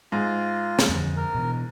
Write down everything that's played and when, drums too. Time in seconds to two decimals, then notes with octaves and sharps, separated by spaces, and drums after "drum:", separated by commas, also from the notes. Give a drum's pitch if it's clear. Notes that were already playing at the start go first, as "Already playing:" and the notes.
0.12 G#2 F4
0.79 drum: snare
0.89 F2 D3
1.17 A#4
1.35 B2 D#3 E3